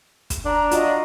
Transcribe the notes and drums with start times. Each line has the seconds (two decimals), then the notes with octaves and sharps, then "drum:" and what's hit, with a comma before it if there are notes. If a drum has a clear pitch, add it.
0.30 drum: kick, hi-hat
0.45 D4 A#5
0.71 F4 F#4 D#5, drum: hi-hat